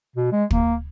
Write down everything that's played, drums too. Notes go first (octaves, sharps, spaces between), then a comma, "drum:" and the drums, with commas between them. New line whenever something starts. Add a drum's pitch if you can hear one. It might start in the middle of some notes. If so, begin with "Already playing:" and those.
B2
G#3
A#3, drum: kick